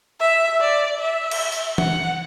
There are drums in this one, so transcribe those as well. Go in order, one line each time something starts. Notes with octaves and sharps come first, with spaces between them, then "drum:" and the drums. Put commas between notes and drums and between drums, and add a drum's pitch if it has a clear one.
E5
D5
E5
drum: cymbal
drum: tambourine
F#5, drum: tom E3